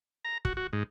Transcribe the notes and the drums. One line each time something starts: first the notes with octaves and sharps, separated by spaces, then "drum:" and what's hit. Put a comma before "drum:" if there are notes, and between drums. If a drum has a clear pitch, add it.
A#5
F#4, drum: kick
F#4
G#2